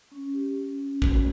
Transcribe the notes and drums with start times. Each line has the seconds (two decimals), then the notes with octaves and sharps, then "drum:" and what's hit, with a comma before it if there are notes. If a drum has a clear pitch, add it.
0.11 C#4
0.33 G4
0.56 C#4
0.78 C#4
1.02 F#4, drum: kick A1